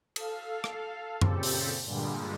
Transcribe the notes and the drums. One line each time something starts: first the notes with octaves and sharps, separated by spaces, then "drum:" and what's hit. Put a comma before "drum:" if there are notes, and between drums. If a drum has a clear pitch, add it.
A4 F5, drum: cymbal
drum: rim click
A#2 C#3 C4 G4 A4, drum: tom F#2
drum: open hi-hat
G2 A#2 D3 G3 G#3